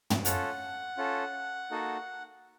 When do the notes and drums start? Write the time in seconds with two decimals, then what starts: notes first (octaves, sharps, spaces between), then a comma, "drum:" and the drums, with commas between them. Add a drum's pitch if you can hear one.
0.10 drum: tom
0.25 C#4 F4 A4 F#5, drum: hi-hat
0.98 C#4 F4 A4
1.71 A#3 D#4 F#4 A4